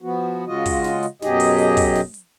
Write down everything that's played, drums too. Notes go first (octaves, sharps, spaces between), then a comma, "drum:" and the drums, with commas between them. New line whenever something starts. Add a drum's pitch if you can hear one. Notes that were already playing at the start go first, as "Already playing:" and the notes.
F3 B3 F#4
C#3 G#3 F4 F#4 D#5
drum: kick, open hi-hat
drum: snare
drum: hi-hat
F#2 B2 F#3 G4 G#4 D#5, drum: snare
drum: open hi-hat
drum: hi-hat
drum: kick, open hi-hat
drum: snare
drum: hi-hat